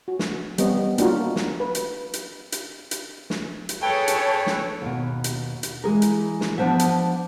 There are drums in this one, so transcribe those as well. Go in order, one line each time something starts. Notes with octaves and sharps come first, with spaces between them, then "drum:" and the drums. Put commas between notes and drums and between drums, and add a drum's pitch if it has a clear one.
F#4
drum: snare
G3 B3 C4 D#5, drum: hi-hat
A#3 D4 D#4 F4 F#4 A#4, drum: hi-hat
drum: snare
B4
drum: hi-hat
drum: hi-hat
drum: hi-hat
drum: hi-hat
drum: snare
drum: hi-hat
G#4 A4 B4 C#5 G5 A5
drum: hi-hat
drum: snare
D#2 B2
drum: hi-hat
drum: hi-hat
E3 G#3 G#4 A#4
drum: hi-hat
drum: snare
F3 B3 D4 C5 E5
drum: hi-hat